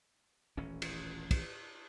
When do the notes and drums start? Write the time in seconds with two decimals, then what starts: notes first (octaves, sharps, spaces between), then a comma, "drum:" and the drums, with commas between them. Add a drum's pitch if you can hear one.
0.57 D#1 A1 E3 C#4
0.82 drum: cymbal
1.31 drum: kick, cymbal